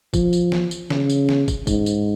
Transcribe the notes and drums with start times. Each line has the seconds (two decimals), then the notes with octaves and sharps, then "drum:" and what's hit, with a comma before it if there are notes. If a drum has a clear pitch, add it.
0.14 F3, drum: kick, tambourine
0.33 drum: tambourine
0.52 drum: snare
0.71 drum: tambourine
0.90 C#3, drum: snare
1.10 drum: tambourine
1.29 drum: snare
1.48 drum: kick, tambourine
1.67 G#2, drum: kick, tambourine
1.86 drum: tambourine